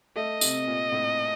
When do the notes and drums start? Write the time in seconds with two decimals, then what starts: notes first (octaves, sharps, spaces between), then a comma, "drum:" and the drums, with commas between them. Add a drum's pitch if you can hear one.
0.16 A3 D#5
0.41 C3, drum: tambourine
0.67 A#2
0.92 A2